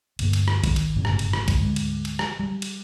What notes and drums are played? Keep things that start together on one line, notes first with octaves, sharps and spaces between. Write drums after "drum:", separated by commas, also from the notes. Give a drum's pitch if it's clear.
D2 G2 A#3, drum: cymbal
drum: cymbal
drum: rim click
G#1 D#3, drum: kick C2, cymbal
drum: cymbal
G1 F#2 A2 C#3
drum: rim click
drum: cymbal
drum: rim click
drum: kick C2, cymbal
D2 G#2
drum: cymbal
drum: cymbal
drum: rim click
G3
drum: cymbal